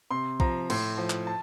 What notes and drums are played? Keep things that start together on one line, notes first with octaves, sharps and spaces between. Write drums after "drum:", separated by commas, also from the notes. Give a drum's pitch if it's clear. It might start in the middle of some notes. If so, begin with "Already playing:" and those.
C3 C6
F3 A#5, drum: kick B1
A2 C6, drum: cymbal
F3
drum: clap
A5